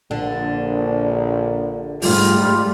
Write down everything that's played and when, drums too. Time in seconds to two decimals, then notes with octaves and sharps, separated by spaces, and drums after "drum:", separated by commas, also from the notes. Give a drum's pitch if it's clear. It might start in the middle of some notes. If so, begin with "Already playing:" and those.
0.11 A#1 D3
2.02 G#2 G3 A3 F4, drum: open hi-hat